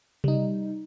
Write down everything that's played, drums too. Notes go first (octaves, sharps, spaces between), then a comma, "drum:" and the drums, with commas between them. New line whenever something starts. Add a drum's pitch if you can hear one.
G3 D#4, drum: tom C3